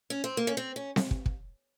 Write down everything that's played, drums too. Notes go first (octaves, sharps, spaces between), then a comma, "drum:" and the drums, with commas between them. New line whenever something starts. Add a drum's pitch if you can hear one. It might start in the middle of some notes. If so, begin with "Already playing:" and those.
C#4
C4
A#3
C#4
C4
C#4
drum: snare C4
drum: kick
drum: kick